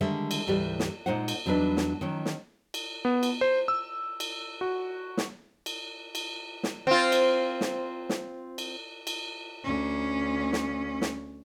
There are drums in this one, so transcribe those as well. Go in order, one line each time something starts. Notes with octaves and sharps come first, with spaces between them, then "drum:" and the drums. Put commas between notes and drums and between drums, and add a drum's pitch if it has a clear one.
D3 D#3 G3 G#3 D5 E5
drum: cymbal
D2 G#2 E3 G3 G4 D5
drum: snare
A#2 G#3 D#4 C5 F5 F#5
drum: cymbal
E2 F#3 G3 D4 D#4 B4
drum: snare
D#3 F3 F#3 C#4
drum: snare
drum: cymbal
B3
drum: cymbal
C5
E6
drum: cymbal
F#4
drum: snare
drum: cymbal
drum: cymbal
drum: snare
C4 F4
drum: cymbal
drum: snare
drum: snare
drum: cymbal
drum: cymbal
D2 C#4
drum: snare
drum: snare